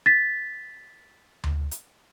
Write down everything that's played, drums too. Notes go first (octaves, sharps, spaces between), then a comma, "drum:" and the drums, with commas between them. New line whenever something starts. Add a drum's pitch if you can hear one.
A6 B6
drum: tom D2
drum: hi-hat